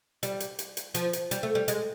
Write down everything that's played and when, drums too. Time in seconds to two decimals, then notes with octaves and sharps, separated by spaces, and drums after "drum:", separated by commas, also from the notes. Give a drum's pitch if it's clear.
0.23 G3, drum: hi-hat
0.40 drum: hi-hat
0.59 drum: hi-hat
0.77 drum: hi-hat
0.94 F3, drum: hi-hat
1.13 drum: hi-hat
1.31 G3, drum: hi-hat
1.43 A3
1.55 G3
1.68 G#3, drum: hi-hat